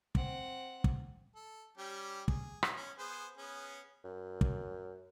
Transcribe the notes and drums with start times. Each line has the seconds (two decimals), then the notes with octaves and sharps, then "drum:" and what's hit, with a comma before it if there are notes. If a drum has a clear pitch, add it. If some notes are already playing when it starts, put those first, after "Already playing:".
0.15 C4 F#5, drum: kick
0.84 drum: kick
1.35 A4
1.78 G3 C#4 G4
2.28 G#4, drum: kick
2.63 drum: rim click
2.77 C#4
2.98 B3 G#4 C5
3.37 B3 C#4 G#4
4.04 F#2
4.41 drum: kick